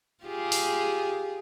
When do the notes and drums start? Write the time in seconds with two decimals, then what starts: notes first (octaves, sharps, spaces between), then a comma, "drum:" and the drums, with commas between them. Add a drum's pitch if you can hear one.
0.24 F4 G4 G#4
0.52 drum: open hi-hat